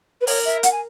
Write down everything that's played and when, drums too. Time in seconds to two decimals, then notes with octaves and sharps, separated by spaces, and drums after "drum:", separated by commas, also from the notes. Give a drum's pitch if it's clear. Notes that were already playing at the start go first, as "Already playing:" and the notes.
0.21 B4
0.27 A#4 C#5, drum: open hi-hat
0.45 E5
0.63 F#5, drum: hi-hat
0.71 G#5